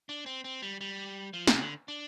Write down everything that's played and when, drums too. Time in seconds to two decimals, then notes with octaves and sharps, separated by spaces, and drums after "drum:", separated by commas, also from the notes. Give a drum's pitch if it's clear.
0.09 D4
0.26 C4
0.44 C4
0.62 G3
0.81 G3
1.33 F3
1.47 C3, drum: snare
1.61 D3
1.88 D4